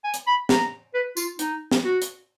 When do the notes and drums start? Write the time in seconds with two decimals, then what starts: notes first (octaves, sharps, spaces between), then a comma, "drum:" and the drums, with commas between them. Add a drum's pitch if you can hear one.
0.04 G#5
0.14 drum: hi-hat
0.27 B5
0.49 A#5, drum: snare
0.94 B4
1.17 F4, drum: tambourine
1.39 D#4, drum: hi-hat
1.72 drum: snare
1.85 F#4
2.02 drum: hi-hat